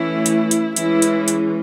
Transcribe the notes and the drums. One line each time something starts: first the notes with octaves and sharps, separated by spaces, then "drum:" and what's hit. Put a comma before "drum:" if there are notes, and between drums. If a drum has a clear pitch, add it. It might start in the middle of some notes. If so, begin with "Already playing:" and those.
Already playing: E3 A3 C#4 E4
drum: hi-hat
drum: hi-hat
E3 G#3 C#4 E4, drum: hi-hat
drum: hi-hat
drum: hi-hat